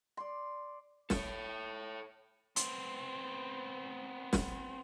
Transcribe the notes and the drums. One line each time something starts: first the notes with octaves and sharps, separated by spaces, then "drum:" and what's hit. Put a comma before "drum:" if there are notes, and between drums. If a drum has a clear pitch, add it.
D5 C6
A4 C#5, drum: snare
B3 C4, drum: hi-hat
drum: snare